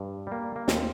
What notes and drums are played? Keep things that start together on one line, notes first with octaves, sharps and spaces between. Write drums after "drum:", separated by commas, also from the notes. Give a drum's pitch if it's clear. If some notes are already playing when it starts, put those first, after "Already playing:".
Already playing: G2
G3 A#3
A#3
D#2 C4, drum: snare